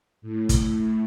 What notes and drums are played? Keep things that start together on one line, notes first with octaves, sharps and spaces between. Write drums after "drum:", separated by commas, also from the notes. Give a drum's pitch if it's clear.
A2
drum: kick, hi-hat